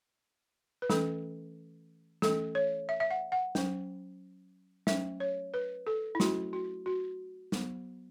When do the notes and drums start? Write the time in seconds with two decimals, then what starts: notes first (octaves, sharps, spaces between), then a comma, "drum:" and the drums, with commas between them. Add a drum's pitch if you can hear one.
0.82 B4
0.90 E3 A3 C#4 A4, drum: snare
2.22 E3 A3 C#4 A4, drum: snare
2.55 C#5
2.89 E5
3.00 E5
3.11 F#5
3.32 F#5
3.55 F#3 C#4, drum: snare
4.87 F#3 A3 C#4 E5, drum: snare
5.20 C#5
5.54 B4
5.87 A4
6.15 E4
6.20 F#3 A3 C#4 F#4, drum: snare
6.53 F#4
6.86 F#4
7.52 F#3 B3, drum: snare